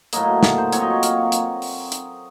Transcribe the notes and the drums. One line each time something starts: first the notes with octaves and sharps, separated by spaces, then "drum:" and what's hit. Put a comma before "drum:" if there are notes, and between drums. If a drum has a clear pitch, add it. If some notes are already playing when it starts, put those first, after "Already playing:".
A2 F#3 A#3 D#5, drum: hi-hat
drum: snare
C5
A#2 F#3 C4 C#5, drum: hi-hat
D#5
C#5
F5, drum: hi-hat
drum: hi-hat
drum: open hi-hat
drum: hi-hat